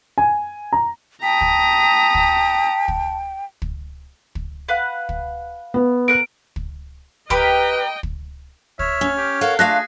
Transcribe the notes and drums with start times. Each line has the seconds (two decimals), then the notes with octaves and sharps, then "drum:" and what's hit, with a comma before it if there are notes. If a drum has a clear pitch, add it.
0.18 G#5
0.73 A#5
1.23 G5 A5 A#5 D#6 B6
1.41 drum: kick
2.15 drum: kick
2.88 drum: kick
3.62 drum: kick
4.35 drum: kick
4.69 B4 F5 F#5
5.09 drum: kick
5.74 B3
6.08 A#4 F#5 F#6 D7
6.56 drum: kick
7.30 G4 A#4 B4 D#5 G5 B5, drum: kick
8.03 drum: kick
8.79 C#5 E5 F6, drum: kick
9.01 C#4
9.18 G4
9.41 A4 A#4 F5 F#5
9.59 A3 D4 F4 G#4 F5 F#6 A#6